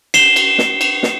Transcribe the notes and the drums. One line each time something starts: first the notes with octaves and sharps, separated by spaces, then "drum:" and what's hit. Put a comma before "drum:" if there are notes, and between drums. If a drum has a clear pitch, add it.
C7 E7 G7, drum: cymbal
drum: cymbal
drum: snare
drum: cymbal
drum: snare